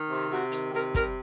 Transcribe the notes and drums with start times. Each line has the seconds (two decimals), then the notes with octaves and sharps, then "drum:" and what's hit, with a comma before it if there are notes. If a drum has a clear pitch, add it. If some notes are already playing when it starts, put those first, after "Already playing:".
Already playing: D#3
0.09 C3
0.30 C3 F#4
0.52 D#3, drum: hi-hat
0.73 C3 A#4
0.95 G3 A#4, drum: kick, hi-hat